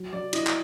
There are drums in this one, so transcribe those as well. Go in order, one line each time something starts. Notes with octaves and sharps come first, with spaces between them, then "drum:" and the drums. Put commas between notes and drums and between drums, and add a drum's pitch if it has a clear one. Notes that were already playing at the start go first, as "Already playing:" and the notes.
Already playing: F#3
F#3 D5
E4 D#5, drum: cymbal
drum: clap